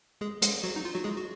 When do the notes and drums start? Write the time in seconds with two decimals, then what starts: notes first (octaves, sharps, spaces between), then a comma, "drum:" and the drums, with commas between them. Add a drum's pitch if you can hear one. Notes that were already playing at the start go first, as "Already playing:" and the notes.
0.21 G#3 G#4
0.42 G#3 G#4, drum: hi-hat
0.64 F#3 F#4
0.76 D#4
0.85 F4
0.95 F#3 F#4
1.04 G#3 G#4
1.16 F#4